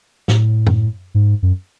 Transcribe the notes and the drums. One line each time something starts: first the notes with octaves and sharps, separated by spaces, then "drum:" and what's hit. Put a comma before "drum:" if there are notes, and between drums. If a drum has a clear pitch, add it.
A2, drum: snare
drum: tom F#2
G#2
F#2